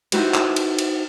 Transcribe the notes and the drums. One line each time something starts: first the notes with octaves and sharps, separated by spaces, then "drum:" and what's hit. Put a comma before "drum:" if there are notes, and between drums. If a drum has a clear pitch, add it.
D#4 E4 F#4 G4 B4 C5, drum: cymbal
drum: clap
drum: cymbal
drum: cymbal